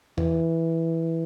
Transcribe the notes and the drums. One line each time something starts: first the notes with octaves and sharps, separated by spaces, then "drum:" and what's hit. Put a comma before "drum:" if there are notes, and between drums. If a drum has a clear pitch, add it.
E3, drum: tom E2